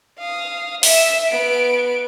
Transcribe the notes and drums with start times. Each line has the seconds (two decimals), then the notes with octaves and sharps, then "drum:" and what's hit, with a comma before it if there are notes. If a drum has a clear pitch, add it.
0.18 F5 D#6
0.83 E5 E6, drum: open hi-hat
1.28 B3 D7